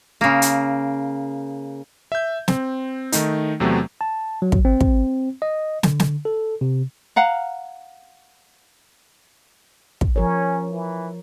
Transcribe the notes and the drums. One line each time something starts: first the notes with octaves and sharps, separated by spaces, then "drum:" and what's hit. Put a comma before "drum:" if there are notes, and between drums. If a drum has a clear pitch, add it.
C#3 A#3
drum: hi-hat
E5 G6
C4, drum: snare
D#3 A3 D#4, drum: hi-hat
E2 C3 F#3 A3 C4
A5
F#3
drum: kick
C4
drum: kick
D#5
D3, drum: snare
drum: snare
A4
C3
F5 F#5 A#5
drum: kick
F3 C#4 A#4 C#5
E3